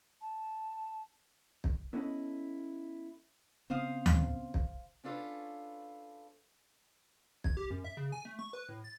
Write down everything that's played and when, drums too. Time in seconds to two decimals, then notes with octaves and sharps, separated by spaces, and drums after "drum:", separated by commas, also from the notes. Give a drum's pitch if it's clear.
0.21 A5
1.64 drum: kick
1.93 B3 C#4 E4 A4 C#5 D#5
3.70 C#3 B3 C4 C5 F5 D#6
4.06 drum: tom D2
4.54 drum: kick
5.04 C#4 D4 F4 A4 B4 C#5
7.44 G#6, drum: kick
7.57 G4
7.71 F#2
7.84 E5
7.97 C#3
8.12 G#5
8.25 A3
8.39 C#6
8.53 B4
8.69 A2
8.84 A6